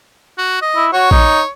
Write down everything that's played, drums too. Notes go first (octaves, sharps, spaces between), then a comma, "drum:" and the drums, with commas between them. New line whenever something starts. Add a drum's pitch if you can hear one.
F#4
D#5
E4
F#4 C#5
D#4, drum: kick A#1